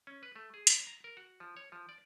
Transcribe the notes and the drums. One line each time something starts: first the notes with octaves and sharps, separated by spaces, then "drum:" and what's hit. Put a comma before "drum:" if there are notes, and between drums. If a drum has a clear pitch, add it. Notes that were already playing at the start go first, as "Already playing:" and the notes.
C#4
B4
A3
G#4
D5, drum: hi-hat
A#5
A#4
F#4
F3
C#5
F3
D5